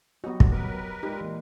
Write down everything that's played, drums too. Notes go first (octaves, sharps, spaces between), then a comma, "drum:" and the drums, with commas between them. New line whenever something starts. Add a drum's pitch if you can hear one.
F#3 B3 F#4 G4 D#5
drum: kick
A#4 B4
A#2 G#3 D#4 G4
E3 A#3